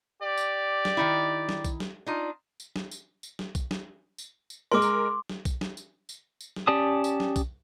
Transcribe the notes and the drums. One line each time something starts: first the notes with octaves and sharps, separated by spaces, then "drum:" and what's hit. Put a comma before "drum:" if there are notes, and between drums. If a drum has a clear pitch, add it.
G4 D5
drum: tambourine
drum: snare
D#3 D#4 E4
drum: snare
drum: kick B1, tambourine
drum: snare
D4 D#4 F4
drum: tambourine
drum: snare
drum: tambourine
drum: tambourine
drum: snare
drum: kick B1, tambourine
drum: snare
drum: tambourine
drum: tambourine
G#3 A#4 C6 D6
drum: tambourine
drum: snare
drum: kick B1, tambourine
drum: snare
drum: tambourine
drum: tambourine
drum: tambourine
drum: snare
C#4 G4 D5 A5 D#6
drum: tambourine
drum: snare
drum: kick B1, tambourine